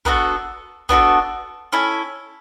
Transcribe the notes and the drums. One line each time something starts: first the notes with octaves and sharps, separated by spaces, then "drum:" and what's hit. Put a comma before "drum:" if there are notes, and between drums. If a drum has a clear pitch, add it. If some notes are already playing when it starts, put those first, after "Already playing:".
B3 D4 F#4 A4 A#4, drum: kick
B3 D4 F#4 A4, drum: kick
C#4 E4 A4